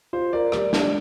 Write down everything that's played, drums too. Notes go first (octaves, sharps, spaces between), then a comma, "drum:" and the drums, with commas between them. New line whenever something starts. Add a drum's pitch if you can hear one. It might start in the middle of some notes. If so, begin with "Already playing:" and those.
F4 C5
A#4 D5
G3 D5, drum: rim click
D4 D5, drum: snare